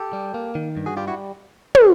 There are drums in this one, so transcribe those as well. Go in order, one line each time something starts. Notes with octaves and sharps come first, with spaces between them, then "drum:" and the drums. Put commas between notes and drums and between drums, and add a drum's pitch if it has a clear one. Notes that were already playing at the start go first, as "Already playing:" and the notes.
Already playing: G4 A4
G3
A#3
D#3
G2
F#4 G#4
G3 F4 G4
E4 F#4
drum: tom